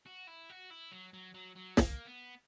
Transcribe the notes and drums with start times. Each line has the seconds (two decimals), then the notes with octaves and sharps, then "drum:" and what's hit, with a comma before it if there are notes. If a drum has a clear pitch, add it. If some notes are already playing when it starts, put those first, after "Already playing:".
0.06 F#4
0.28 E4
0.49 F#4
0.70 E4
0.92 F#3
1.13 F#3
1.34 F#3
1.56 F#3
1.77 A#3, drum: snare
2.06 B3